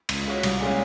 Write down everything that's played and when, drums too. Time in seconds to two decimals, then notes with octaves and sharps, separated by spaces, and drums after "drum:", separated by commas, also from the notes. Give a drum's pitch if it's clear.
0.09 C#2, drum: cymbal
0.26 C#3 G#3 C#4 F#4
0.43 C2, drum: cymbal
0.60 A#2 G#3 C#4 F4